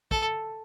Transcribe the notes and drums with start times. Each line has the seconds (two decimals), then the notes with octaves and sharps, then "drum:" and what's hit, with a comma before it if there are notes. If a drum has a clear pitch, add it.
0.11 A4, drum: kick